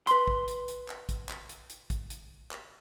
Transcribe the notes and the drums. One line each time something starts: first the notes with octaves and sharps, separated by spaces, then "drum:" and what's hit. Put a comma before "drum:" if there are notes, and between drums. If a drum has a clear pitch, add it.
B4 C6, drum: hi-hat
drum: kick
drum: hi-hat
drum: hi-hat
drum: clap
drum: kick, hi-hat
drum: clap
drum: hi-hat
drum: hi-hat
drum: kick, hi-hat
drum: hi-hat
drum: clap